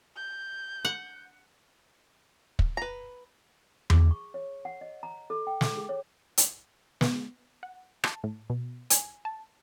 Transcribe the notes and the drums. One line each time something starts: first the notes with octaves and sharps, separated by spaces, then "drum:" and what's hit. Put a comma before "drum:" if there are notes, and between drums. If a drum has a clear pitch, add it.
G6
F#5
drum: kick
B4 A#5
G#4, drum: tom E2
C#6
C#5
F#5
D#5
A#5
A4
G5
A4, drum: snare
G#4
C#5
drum: hi-hat
B3, drum: snare
F#5
A5, drum: rim click
A2
B2
G#5, drum: hi-hat
A5